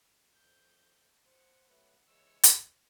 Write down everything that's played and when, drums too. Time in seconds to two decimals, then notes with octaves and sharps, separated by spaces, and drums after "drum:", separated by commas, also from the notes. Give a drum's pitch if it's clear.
0.34 F2 G6
1.25 C5 F#5
1.69 F#3 A3 B4
2.06 C#3 E3 G#3 C#5 E6
2.43 drum: hi-hat